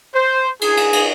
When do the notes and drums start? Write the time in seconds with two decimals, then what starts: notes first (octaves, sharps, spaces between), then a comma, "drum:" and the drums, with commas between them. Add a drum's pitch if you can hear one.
0.14 C5
0.61 G#4, drum: cymbal
0.77 drum: cymbal
0.93 drum: cymbal